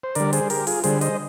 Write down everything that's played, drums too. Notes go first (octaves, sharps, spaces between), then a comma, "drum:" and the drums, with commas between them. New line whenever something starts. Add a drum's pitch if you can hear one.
C5
D3 G3 A#4 D5, drum: hi-hat
G#4 C5, drum: hi-hat
G4 A#4, drum: open hi-hat
F4 G#4, drum: open hi-hat
D3 G3 G#4 C5, drum: hi-hat
C5 D#5, drum: hi-hat